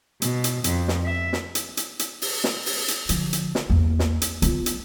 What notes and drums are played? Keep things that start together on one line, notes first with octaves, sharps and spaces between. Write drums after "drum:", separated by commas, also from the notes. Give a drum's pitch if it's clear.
B2, drum: hi-hat
drum: hi-hat
F2, drum: hi-hat
drum: snare
E5
drum: snare
drum: hi-hat
drum: hi-hat
drum: hi-hat
drum: open hi-hat
drum: snare
drum: open hi-hat
drum: hi-hat
D3 F3, drum: hi-hat
drum: hi-hat
drum: snare
E2 A#3
drum: snare
drum: hi-hat
B3 F4, drum: hi-hat
drum: hi-hat